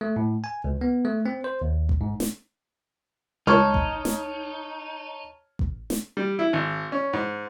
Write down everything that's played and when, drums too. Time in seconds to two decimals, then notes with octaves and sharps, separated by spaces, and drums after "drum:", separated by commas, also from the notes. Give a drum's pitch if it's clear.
0.01 A3
0.16 A2
0.44 G#5
0.64 C#2
0.81 B3
1.05 A3
1.26 C4
1.44 C5
1.62 D#2
1.89 drum: kick A1
2.01 G#2
2.20 drum: snare
3.47 C#2 D#4 C#5 A5 C#6 F6 G#6
3.74 drum: kick A1
4.05 drum: snare
5.59 drum: kick A1
5.90 drum: snare
6.17 G3
6.39 E4
6.53 G#1
6.92 C#4
7.13 G#2